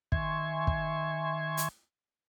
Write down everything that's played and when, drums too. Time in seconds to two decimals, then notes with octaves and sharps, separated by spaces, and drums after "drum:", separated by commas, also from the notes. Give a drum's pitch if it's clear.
0.12 D#3 E5 G#5 C6 C#6 G#6, drum: kick
0.67 drum: kick
1.57 drum: hi-hat